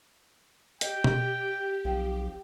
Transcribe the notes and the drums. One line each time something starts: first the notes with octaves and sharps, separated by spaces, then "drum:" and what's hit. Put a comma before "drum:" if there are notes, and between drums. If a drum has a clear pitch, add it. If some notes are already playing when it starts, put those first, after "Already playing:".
G4 D#5 G5, drum: hi-hat
drum: tom B2
B1 F3 C4